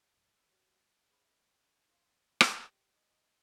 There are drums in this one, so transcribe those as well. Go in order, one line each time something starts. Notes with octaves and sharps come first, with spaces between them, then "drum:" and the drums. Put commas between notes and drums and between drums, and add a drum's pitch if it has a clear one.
C2 F2 G#2
B5 E6
F#4 G4 C#5
A6
G#4 C5 C#5 B5 D6
D#5 E5
E4 A#4 F5 C6
drum: rim click
G4
D#5